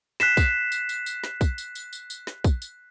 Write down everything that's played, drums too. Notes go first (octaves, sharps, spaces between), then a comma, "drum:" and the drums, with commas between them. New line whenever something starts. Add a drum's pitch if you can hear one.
F#6 B6 C7 E7, drum: snare
drum: kick, tambourine
drum: tambourine
drum: tambourine
drum: tambourine
drum: snare
drum: kick, tambourine
drum: tambourine
drum: tambourine
drum: tambourine
drum: tambourine
drum: snare
drum: kick, tambourine
drum: tambourine